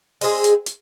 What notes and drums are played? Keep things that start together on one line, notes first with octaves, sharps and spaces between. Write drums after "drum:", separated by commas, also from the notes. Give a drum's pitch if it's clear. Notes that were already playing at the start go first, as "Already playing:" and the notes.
G#3 C4 F4 G#4, drum: open hi-hat
drum: hi-hat
drum: hi-hat